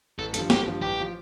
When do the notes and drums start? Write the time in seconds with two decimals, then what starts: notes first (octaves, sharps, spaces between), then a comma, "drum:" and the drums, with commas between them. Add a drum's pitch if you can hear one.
0.18 A1 A4
0.34 G2 F3 A4, drum: hi-hat
0.50 A1 G4, drum: snare
0.67 G2 F3
0.82 A1 G4
1.00 F3